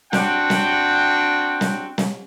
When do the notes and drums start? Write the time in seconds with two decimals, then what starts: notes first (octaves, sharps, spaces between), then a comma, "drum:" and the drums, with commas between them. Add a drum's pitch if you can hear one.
0.13 C4 D4 F#4 F#5 G5, drum: snare
0.50 drum: snare
1.61 drum: snare
1.98 drum: snare